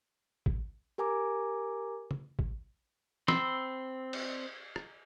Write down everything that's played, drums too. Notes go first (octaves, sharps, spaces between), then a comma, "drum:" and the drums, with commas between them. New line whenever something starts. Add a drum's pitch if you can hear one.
drum: kick A1
G4 A#4 G#5 A#5 D6
drum: tom
drum: kick A1
C4 B5 C6 E6, drum: snare
drum: cymbal
drum: rim click